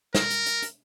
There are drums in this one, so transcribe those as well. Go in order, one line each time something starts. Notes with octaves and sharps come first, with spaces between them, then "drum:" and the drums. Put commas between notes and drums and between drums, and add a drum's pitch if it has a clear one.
A#4, drum: snare
drum: hi-hat
drum: hi-hat
drum: hi-hat